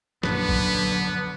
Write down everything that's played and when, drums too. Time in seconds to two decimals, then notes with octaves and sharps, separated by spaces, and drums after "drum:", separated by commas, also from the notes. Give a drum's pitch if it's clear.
0.23 A#1 F#2 D3 F#3 B3 B4, drum: snare
0.49 drum: kick A1